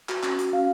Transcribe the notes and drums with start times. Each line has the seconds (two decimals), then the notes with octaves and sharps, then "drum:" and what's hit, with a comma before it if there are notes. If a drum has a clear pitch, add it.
0.09 F#4, drum: clap
0.23 C#4, drum: clap
0.39 F#4, drum: hi-hat
0.53 C#4 F5